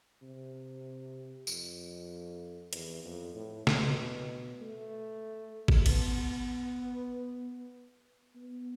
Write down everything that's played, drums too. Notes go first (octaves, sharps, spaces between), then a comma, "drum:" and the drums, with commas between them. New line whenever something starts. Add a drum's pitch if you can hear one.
C3
F2, drum: tambourine
E2, drum: hi-hat
F2
A2
B2, drum: snare
A3
drum: kick G#1
B3, drum: cymbal
B3